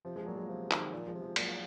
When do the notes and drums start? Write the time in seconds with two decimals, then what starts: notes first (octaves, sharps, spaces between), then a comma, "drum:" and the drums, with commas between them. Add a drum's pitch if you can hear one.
0.05 C3 F3
0.16 F3 G#3
0.26 A#2 F#3 A#3
0.38 F3 G#3
0.49 C3 F3
0.71 D#3, drum: clap
0.92 A#2 F3
1.07 F3 G#3
1.14 C3
1.22 F3 G#3
1.36 A#2 F#3 A#3, drum: cymbal